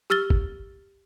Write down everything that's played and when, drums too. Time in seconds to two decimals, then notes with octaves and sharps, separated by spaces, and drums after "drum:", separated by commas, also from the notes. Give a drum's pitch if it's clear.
0.10 G4 E6 F6 A6 G7
0.30 drum: kick G1